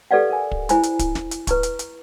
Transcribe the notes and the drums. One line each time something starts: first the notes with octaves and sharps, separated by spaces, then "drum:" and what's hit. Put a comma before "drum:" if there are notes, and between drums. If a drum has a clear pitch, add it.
G4 A4 B4 D5 F5 F#5
A#4 G#5
drum: kick
E4 C5 G#5 A#5 B5, drum: hi-hat
drum: hi-hat
drum: kick, hi-hat
drum: snare
drum: hi-hat
B4 A#5 C#6, drum: kick, hi-hat
drum: hi-hat
drum: hi-hat